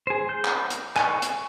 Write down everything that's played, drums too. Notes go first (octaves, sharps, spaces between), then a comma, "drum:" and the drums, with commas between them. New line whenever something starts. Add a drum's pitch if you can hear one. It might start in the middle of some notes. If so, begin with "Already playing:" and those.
G#4 C5
G6
drum: clap
drum: hi-hat
G#5 C#6, drum: clap
drum: hi-hat